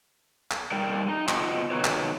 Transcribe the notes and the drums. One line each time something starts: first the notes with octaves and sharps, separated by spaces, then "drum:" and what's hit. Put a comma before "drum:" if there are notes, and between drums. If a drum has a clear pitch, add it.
drum: clap
G3 D#4 G4 A#4 D5 G5
D#4
B3 F4 F#4 D#5 G5, drum: clap
D#3 A3 D#4 F#4 B4 C#5
drum: clap